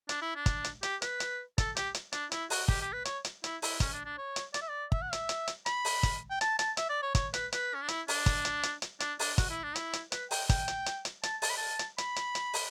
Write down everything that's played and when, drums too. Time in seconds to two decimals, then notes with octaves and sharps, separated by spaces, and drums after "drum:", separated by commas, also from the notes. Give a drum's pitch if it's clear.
0.09 D4, drum: hi-hat
0.22 E4
0.35 D4
0.46 drum: kick, hi-hat
0.64 drum: hi-hat
0.83 G4, drum: hi-hat
1.02 B4, drum: hi-hat
1.20 drum: hi-hat
1.58 A4, drum: kick, hi-hat
1.76 G4, drum: hi-hat
1.94 drum: hi-hat
2.12 D4, drum: hi-hat
2.32 E4, drum: hi-hat
2.50 F#4, drum: open hi-hat
2.68 G4, drum: kick
2.82 G4
2.93 B4
3.05 C#5, drum: hi-hat
3.25 drum: hi-hat
3.44 E4, drum: hi-hat
3.62 E4, drum: open hi-hat
3.80 C#4, drum: kick, hi-hat
3.93 D4
4.05 D4
4.18 C#5
4.36 drum: hi-hat
4.54 D5, drum: hi-hat
4.62 E5
4.69 D5
4.92 E5, drum: kick
5.02 F#5
5.13 E5, drum: hi-hat
5.29 drum: hi-hat
5.47 drum: hi-hat
5.66 B5, drum: hi-hat
5.85 drum: open hi-hat
6.03 drum: kick, hi-hat
6.31 G5
6.41 A5, drum: hi-hat
6.59 A5, drum: hi-hat
6.77 E5, drum: hi-hat
6.89 D5
7.02 C#5
7.15 C#5, drum: kick, hi-hat
7.34 B4, drum: hi-hat
7.52 B4, drum: hi-hat
7.74 C#4
7.82 D4
7.88 E4, drum: hi-hat
8.08 D4, drum: open hi-hat
8.26 drum: kick, hi-hat
8.45 drum: hi-hat
8.63 drum: hi-hat
8.82 drum: hi-hat
9.00 D4, drum: hi-hat
9.19 D4, drum: open hi-hat
9.38 F#4, drum: kick, hi-hat
9.50 E4
9.63 D4
9.75 E4, drum: hi-hat
9.93 drum: hi-hat
10.12 B4, drum: hi-hat
10.31 G5, drum: open hi-hat
10.49 G5, drum: kick, hi-hat
10.68 drum: hi-hat
10.86 drum: hi-hat
11.05 drum: hi-hat
11.23 A5, drum: hi-hat
11.42 A5, drum: open hi-hat
11.50 B5
11.57 A5
11.79 drum: hi-hat
11.98 B5, drum: hi-hat
12.16 drum: hi-hat
12.35 drum: hi-hat
12.54 drum: open hi-hat